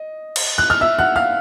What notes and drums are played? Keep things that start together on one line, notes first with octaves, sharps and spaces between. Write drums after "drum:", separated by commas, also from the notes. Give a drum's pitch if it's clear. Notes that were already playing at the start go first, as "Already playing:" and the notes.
Already playing: D#5
drum: cymbal
F#6
F6
E5 E6
F#5 F#6
F5 F6